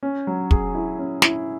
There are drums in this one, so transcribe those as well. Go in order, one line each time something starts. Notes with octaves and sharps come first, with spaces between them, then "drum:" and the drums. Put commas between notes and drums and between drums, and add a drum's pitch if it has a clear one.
C#4
F#3
G#4, drum: kick
E4
C#4
E4, drum: snare